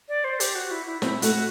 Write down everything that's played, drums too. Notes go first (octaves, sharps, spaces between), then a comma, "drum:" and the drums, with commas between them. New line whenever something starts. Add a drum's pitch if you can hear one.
D5
C5
G4, drum: hi-hat
F#4
E4
E4
C4 E4, drum: snare
A3 F#4, drum: hi-hat